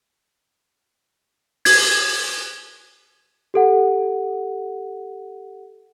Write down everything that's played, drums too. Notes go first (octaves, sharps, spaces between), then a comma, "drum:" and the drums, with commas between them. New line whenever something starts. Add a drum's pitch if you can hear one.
G#6, drum: open hi-hat
G4 A4 F#5